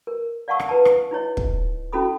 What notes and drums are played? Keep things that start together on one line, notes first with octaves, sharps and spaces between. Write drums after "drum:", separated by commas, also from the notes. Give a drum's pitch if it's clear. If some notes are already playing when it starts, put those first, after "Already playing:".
A#4
D5 F5 F#5 A5 C#6 E6
drum: rim click
E4 B4 A5
drum: rim click
D#4 E4 C#5 D#5
drum: kick
C#4 E4 F#4 A4 B5 D#6